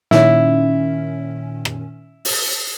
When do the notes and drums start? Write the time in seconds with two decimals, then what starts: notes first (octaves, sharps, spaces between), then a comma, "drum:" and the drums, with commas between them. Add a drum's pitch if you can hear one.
0.11 A#2 D#3 C#4 E4, drum: snare
1.65 drum: rim click
2.25 drum: open hi-hat